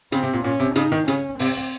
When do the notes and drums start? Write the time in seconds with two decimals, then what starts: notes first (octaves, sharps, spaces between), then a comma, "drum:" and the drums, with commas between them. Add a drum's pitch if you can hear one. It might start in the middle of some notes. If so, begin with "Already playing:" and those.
0.12 C#3 C4, drum: hi-hat
0.23 C3
0.33 A#2
0.44 A#2 C#4
0.60 C3
0.75 C#3 D#4, drum: hi-hat
0.92 D#3
1.08 C#3 C#4, drum: hi-hat
1.39 C3 C4, drum: open hi-hat